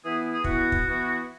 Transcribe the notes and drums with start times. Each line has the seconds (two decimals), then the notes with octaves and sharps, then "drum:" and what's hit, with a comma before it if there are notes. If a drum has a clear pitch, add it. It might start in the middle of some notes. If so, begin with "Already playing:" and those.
0.03 E3 B3 E4 G#4
0.31 G#4
0.44 E3 B3 E4 F#4, drum: kick
0.72 drum: kick
0.86 E3 B3 E4